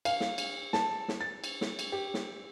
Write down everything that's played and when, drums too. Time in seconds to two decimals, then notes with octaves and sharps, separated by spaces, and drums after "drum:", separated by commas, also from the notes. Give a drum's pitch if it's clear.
0.05 F5, drum: cymbal
0.20 drum: snare
0.38 drum: cymbal
0.73 A5, drum: snare
1.08 drum: snare
1.21 A6
1.44 drum: cymbal
1.61 drum: snare
1.79 drum: cymbal
1.92 G4
2.14 drum: snare